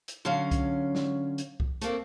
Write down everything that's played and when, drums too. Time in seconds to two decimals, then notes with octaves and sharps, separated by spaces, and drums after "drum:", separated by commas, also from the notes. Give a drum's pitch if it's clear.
0.08 drum: hi-hat
0.25 D3 F#3 C#4 F5
0.51 drum: kick C2, hi-hat
0.95 drum: snare
1.38 drum: hi-hat
1.60 drum: kick C2
1.81 A3 A#3 C4, drum: hi-hat